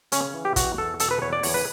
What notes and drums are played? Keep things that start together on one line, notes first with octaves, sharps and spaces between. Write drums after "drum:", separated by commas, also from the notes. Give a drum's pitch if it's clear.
C#3 C#4, drum: hi-hat
E3
G4
E2 F#4, drum: kick, hi-hat
E2 A4
B2 A4, drum: hi-hat
B4
E2 C#5
D5
E2 C#5, drum: open hi-hat
B4